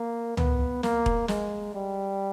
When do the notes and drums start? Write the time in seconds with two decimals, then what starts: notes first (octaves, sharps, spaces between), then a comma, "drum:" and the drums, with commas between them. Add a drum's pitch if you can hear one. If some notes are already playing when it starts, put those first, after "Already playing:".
Already playing: A#3
0.37 B3, drum: tom C#2
0.83 A#3, drum: snare
1.06 drum: kick E1
1.28 G#3, drum: snare
1.75 G3